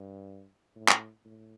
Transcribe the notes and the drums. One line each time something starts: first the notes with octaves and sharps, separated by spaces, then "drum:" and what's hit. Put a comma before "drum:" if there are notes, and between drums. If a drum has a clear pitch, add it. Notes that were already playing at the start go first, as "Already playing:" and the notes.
Already playing: G2
A2
drum: clap
A2